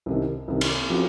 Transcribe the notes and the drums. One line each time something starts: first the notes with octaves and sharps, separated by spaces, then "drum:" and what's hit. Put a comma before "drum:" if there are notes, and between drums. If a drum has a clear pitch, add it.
C2 C3 D#3
C2 C3 D#3
drum: cymbal
F3 C4 F#4